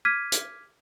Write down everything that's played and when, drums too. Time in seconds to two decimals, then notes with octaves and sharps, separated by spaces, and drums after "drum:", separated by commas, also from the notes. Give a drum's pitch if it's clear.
0.05 D6 F6 G#6 B6 D#7
0.32 drum: hi-hat